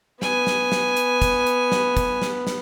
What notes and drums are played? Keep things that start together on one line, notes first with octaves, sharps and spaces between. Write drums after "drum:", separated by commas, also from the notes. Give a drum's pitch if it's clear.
B3 G#5, drum: snare
drum: snare
drum: snare
drum: hi-hat
drum: kick, hi-hat
drum: hi-hat
drum: snare
drum: kick, hi-hat
drum: snare
drum: snare